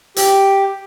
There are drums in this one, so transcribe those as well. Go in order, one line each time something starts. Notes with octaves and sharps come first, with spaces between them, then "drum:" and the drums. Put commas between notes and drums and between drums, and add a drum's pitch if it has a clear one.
G4, drum: hi-hat